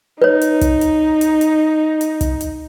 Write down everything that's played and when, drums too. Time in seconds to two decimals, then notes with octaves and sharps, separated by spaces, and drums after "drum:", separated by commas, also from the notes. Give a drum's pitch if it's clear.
0.22 D#4 B4 C#5
0.41 drum: hi-hat
0.61 drum: kick, hi-hat
0.81 drum: hi-hat
1.21 drum: hi-hat
1.41 drum: hi-hat
2.01 drum: hi-hat
2.21 drum: kick, hi-hat
2.41 drum: hi-hat